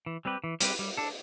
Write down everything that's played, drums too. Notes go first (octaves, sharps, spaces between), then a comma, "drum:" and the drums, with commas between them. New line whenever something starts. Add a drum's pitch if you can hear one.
E3
G3 C4 G4 B4
E3
G3 C4 G4 B4, drum: hi-hat
G3
D4 A4